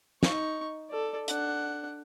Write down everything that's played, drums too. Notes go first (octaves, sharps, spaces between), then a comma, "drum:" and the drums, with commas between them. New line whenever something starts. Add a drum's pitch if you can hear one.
D#4 C#6, drum: snare
A4 D5
D4 F#5, drum: hi-hat